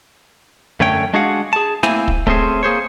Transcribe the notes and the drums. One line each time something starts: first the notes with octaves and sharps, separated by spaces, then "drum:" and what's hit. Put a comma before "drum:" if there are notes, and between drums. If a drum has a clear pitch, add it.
F#2 D3 A3 C#4 C#5 G5
G#3 D4 F#4 G#4 F5 F#5
G#4 A5
A3 A#3 C4 E4 G#5, drum: snare
drum: kick
A3 C4 C#4 G#4 C5, drum: kick
A#3 G#4 C5 C#5